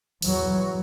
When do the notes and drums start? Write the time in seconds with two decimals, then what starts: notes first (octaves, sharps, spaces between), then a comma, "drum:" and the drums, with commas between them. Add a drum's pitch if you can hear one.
0.22 E2 F#3, drum: open hi-hat